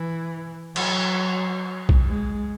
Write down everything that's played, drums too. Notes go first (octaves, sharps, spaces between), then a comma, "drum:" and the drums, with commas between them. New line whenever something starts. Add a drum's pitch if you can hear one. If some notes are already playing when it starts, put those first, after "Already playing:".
Already playing: E3
F#3, drum: cymbal
drum: kick A#1
G#3